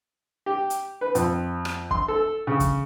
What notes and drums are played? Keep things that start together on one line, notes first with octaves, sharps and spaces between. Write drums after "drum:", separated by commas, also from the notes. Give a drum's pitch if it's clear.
G4
drum: hi-hat
B4
F2, drum: hi-hat
drum: rim click
C6, drum: kick
A4
C#3
drum: kick, hi-hat